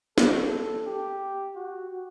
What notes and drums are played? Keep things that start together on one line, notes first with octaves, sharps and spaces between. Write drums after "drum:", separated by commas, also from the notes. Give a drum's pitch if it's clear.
A4, drum: snare
G4
F#4